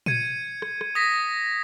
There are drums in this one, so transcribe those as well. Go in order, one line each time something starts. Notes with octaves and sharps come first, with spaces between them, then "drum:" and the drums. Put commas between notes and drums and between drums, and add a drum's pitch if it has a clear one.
G#6 C#7 D#7, drum: tom A#2
drum: rim click
drum: rim click
D#6 A#6 B6